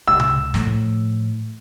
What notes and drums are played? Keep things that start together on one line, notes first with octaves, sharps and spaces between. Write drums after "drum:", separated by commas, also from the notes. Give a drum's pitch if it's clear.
C#2 G#3 E6
drum: tom C3
A2 F3, drum: snare